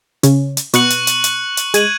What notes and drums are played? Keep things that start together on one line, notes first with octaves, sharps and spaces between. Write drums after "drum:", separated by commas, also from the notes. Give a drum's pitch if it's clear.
C#3 C#4, drum: hi-hat
drum: hi-hat
B2 B3 C#6 F#6 C#7 F#7, drum: hi-hat
drum: hi-hat
drum: hi-hat
drum: hi-hat
drum: hi-hat
G#3 G#6 D#7 F#7, drum: hi-hat